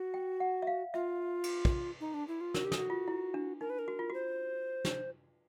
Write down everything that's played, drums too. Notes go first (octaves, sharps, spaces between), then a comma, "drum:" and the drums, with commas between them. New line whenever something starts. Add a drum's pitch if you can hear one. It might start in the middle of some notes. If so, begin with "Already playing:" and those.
Already playing: F#4
G5
F#5
E5
F5
F4 E5
drum: cymbal
drum: kick
D#4
D4
E4
F4
F#4 A#4, drum: snare
G4
A4, drum: snare
F#4
F4
E4
D4
D#4 A#4
B4
A#4
F#4
F4
F#4 C5
drum: snare